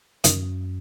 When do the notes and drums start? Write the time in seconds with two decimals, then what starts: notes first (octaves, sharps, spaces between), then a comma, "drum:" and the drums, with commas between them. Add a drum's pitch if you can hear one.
0.24 F#2 D#3, drum: hi-hat